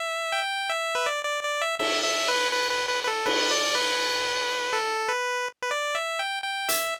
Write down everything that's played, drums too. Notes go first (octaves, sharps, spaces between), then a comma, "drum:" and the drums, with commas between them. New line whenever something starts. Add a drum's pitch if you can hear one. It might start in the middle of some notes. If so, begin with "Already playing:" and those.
Already playing: E5
G5
E5
B4
D5
D5
D5
E5
E5, drum: cymbal
E5
B4
B4
B4
B4
B4
A4
B4, drum: cymbal
D5
B4
A4
B4
B4
D5
E5
G5
G5
E5, drum: hi-hat